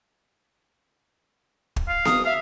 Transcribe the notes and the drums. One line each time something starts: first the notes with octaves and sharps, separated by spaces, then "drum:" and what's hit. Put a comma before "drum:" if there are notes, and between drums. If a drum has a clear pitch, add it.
drum: kick
F5
D#6, drum: snare B3
E5 F5